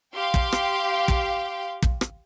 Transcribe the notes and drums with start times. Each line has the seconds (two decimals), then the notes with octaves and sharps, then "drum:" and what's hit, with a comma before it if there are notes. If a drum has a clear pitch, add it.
0.15 G4 F5 G5 C6
0.34 drum: kick
0.52 drum: rim click
1.08 drum: kick
1.82 drum: kick
2.01 drum: rim click